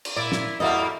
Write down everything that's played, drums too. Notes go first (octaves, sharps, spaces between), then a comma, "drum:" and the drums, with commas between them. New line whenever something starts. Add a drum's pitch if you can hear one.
drum: cymbal
A#2 E4 D5
drum: snare
E2 G3 A#3 F#4 A4 D#5 E5